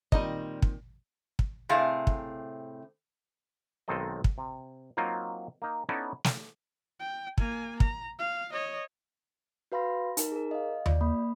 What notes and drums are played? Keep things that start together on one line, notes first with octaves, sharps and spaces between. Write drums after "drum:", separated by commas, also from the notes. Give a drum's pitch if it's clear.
A#2 D#3 G3 C4 D#4 D#5, drum: kick
drum: kick
drum: kick
A2 C3 C4 G#4 F5
drum: kick
B1 D#3 G#3 C4 A4 D#5
drum: kick
C3
F#3 A#3 C4 D#4 F4
A#3 D#4
B3 C#4 D#4 E4 A4 D5
drum: snare
G5
A#3 G#5, drum: kick
A#5, drum: kick
F5
C#5 D#5
F#4 B4 F5 B5 C6 A#6
D#4 A#4, drum: hi-hat
G#4 A#4
D#5 F5
F4 D5, drum: tom D#2
A#3 B5